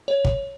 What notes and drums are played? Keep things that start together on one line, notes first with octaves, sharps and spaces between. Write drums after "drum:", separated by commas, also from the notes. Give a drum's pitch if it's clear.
C#5
drum: kick